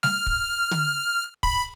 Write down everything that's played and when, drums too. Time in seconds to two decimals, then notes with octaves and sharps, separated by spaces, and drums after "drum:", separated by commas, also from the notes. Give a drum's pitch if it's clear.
0.03 F6, drum: snare G3
0.26 drum: kick
0.71 drum: tom D3
1.43 B5, drum: kick